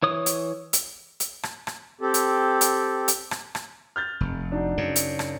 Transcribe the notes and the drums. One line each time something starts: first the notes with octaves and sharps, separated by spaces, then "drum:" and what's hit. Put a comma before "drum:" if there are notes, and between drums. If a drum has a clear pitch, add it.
E3 C#5 D#6
drum: hi-hat
drum: hi-hat
drum: hi-hat
drum: rim click
drum: rim click
C4 G4 A4
drum: hi-hat
drum: hi-hat
drum: hi-hat
drum: rim click
drum: rim click
F6 G6 A6
F1
D4 D#4 F#4
F#2 C#3
drum: hi-hat
drum: rim click